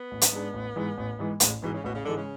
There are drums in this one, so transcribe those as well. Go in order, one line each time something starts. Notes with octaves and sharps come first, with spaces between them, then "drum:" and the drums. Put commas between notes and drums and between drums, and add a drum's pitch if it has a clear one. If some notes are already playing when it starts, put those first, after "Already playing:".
Already playing: B3
A1
drum: hi-hat
G#2 G#3 D4
A1
G#2 E3 G#3
A1
G#2 E3 G#3
A1 G#3, drum: hi-hat
G#2 B2 E3 G#3
C#3
A1 B2
C#3
G#2 D3 E3 G#3
C#3